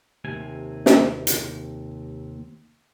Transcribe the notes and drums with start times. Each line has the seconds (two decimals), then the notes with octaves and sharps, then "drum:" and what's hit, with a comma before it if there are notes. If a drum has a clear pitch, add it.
0.25 D#2 C3 G#5
0.86 drum: snare
1.27 drum: hi-hat